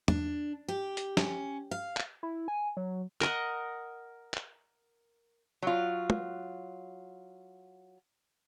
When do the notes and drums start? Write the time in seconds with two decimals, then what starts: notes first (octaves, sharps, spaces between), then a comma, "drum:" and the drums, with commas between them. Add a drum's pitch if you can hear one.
0.08 D4, drum: tom
0.68 G4
0.97 drum: hi-hat
1.17 C#4, drum: snare
1.71 F5
1.97 drum: clap
2.23 E4
2.48 G#5
2.77 F#3
3.21 A#4 D#5 F#5, drum: clap
4.34 drum: clap
5.63 F#3 F4
6.10 drum: tom